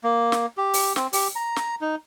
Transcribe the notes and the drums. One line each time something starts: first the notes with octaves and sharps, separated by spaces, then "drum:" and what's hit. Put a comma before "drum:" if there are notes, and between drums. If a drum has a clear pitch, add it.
A#3
drum: snare
G4
drum: open hi-hat
C4, drum: snare
G4, drum: open hi-hat
A#5
drum: snare
D#4